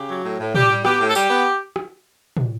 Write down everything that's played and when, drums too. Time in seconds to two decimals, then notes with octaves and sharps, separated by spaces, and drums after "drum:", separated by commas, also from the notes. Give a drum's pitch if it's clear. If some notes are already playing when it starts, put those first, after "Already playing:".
Already playing: C#3 G4
0.09 F#3
0.23 A2
0.39 A2
0.55 G3 G4, drum: tom
0.70 G3
0.85 B3 G4, drum: rim click
1.00 A2
1.09 A4
1.15 G3 G4, drum: tambourine
1.30 B3
1.76 drum: rim click
2.37 drum: tom